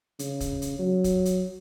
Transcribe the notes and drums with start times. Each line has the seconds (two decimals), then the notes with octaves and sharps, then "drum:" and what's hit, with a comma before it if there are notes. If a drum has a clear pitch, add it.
0.19 C#3, drum: hi-hat
0.40 drum: kick, hi-hat
0.62 drum: hi-hat
0.79 F#3
1.04 drum: kick, hi-hat
1.25 drum: hi-hat